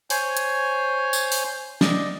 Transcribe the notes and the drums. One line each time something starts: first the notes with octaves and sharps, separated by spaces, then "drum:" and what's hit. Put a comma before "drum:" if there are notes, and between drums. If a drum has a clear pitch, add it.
C5 C#5 G#5, drum: open hi-hat
drum: hi-hat
drum: tambourine
drum: open hi-hat
D5 D#5, drum: snare